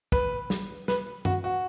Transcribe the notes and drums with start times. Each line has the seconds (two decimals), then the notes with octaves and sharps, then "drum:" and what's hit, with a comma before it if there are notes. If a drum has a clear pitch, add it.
0.12 B4, drum: kick
0.50 drum: snare
0.88 B4, drum: snare
1.25 F#4, drum: tom F#2
1.44 F#4